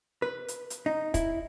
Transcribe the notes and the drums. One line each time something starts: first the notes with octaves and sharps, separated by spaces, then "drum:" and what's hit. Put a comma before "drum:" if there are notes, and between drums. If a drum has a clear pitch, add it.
B4
drum: hi-hat
drum: hi-hat
D#4
E4, drum: kick, hi-hat